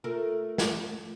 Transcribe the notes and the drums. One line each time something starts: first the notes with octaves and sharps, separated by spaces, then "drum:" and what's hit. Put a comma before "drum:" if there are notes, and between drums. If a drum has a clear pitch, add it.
A3 F4 A#4
drum: snare